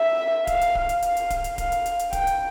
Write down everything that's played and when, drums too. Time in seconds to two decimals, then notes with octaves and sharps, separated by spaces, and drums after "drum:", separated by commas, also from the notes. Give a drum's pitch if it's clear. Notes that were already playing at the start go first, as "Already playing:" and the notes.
Already playing: E5
0.47 F5, drum: kick D1, hi-hat
0.61 drum: hi-hat
0.75 drum: kick D1
0.89 drum: hi-hat
1.02 F5, drum: hi-hat
1.17 drum: hi-hat
1.30 drum: kick D1, hi-hat
1.44 drum: hi-hat
1.58 F5, drum: kick D1, hi-hat
1.72 drum: hi-hat
1.86 drum: hi-hat
1.99 drum: hi-hat
2.13 G5, drum: kick D1, hi-hat
2.27 drum: hi-hat